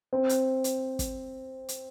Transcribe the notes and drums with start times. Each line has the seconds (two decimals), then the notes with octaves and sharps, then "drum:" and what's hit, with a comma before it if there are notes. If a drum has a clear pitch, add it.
0.13 C4
0.29 drum: hi-hat
0.64 drum: hi-hat
0.99 drum: kick, hi-hat
1.69 drum: hi-hat